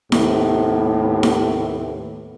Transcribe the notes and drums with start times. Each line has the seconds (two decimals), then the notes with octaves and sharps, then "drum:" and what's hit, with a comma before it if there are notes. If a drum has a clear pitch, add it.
0.12 D#2 A2 C3 B3, drum: snare E4
1.23 drum: snare E4